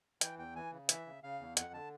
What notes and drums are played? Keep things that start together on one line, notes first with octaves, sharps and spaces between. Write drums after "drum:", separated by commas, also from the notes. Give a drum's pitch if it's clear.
E3 G5, drum: hi-hat
E2 G5
E3 G#5
C#3
E3 E5, drum: hi-hat
C#3
C#3 F5
E2
F2 F#5, drum: hi-hat
D3 A5